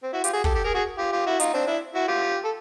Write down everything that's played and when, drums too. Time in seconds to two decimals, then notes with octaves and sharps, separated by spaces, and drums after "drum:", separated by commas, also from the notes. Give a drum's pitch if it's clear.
0.03 C4
0.13 E4 F#4
0.24 F4 G4, drum: hi-hat
0.33 F#4 G#4
0.44 G4 A4, drum: kick
0.55 G4 A4
0.64 G#4 A#4
0.74 F#4 G#4
0.98 F4 G4
1.12 F4 G4
1.26 E4 F#4
1.40 D#4 F4, drum: hi-hat
1.54 C4 D4
1.67 D4 E4
1.95 E4 F#4
2.08 F4 G4
2.44 A4